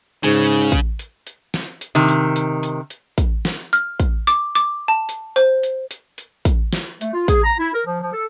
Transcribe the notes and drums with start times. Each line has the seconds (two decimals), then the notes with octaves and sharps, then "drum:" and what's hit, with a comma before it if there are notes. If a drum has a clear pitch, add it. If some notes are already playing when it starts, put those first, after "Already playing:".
0.24 G#2 C#3
0.45 drum: hi-hat
0.72 drum: kick, hi-hat
0.99 drum: hi-hat
1.27 drum: hi-hat
1.54 drum: snare
1.81 drum: hi-hat
1.95 C3 D#3
2.08 drum: hi-hat
2.36 drum: hi-hat
2.63 drum: hi-hat
2.90 drum: hi-hat
3.18 drum: kick, hi-hat
3.45 drum: snare
3.73 F6, drum: hi-hat
4.00 drum: kick, hi-hat
4.27 D6, drum: hi-hat
4.55 D6, drum: hi-hat
4.88 A5
5.09 drum: hi-hat
5.36 C5, drum: hi-hat
5.63 drum: hi-hat
5.91 drum: hi-hat
6.18 drum: hi-hat
6.45 drum: kick, hi-hat
6.73 drum: snare
7.01 A3, drum: hi-hat
7.14 F4
7.28 G#4, drum: kick, hi-hat
7.44 A#5
7.59 E4
7.73 A#4
7.86 F3
8.01 F3
8.13 A4